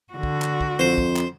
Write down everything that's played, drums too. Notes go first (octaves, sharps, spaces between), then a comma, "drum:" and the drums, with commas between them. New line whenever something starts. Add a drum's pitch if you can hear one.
D3 F#4
drum: kick
drum: clap
drum: kick
F2 C5
drum: kick
drum: clap